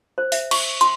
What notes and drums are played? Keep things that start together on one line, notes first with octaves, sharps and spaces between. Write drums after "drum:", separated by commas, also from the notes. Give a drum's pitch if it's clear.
C5
E5, drum: open hi-hat
C#6, drum: cymbal
C6, drum: hi-hat